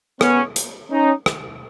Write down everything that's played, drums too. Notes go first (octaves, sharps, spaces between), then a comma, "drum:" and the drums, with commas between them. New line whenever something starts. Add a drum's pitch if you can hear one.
B3 C#4, drum: rim click
drum: hi-hat
C#4 D#4
drum: rim click